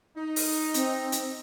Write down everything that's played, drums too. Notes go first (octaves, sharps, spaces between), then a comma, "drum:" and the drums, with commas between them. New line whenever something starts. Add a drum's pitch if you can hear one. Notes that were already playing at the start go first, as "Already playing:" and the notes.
D#4
drum: open hi-hat
C4, drum: hi-hat
drum: hi-hat